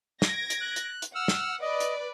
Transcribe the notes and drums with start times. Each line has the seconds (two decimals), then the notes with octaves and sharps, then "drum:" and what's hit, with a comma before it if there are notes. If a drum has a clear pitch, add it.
0.22 G#6 A#6 D7, drum: snare
0.50 drum: hi-hat
0.61 F#6
0.76 drum: hi-hat
1.02 drum: hi-hat
1.15 F#5 E6 F6
1.28 drum: snare
1.62 B4 D5 D#5
1.80 drum: hi-hat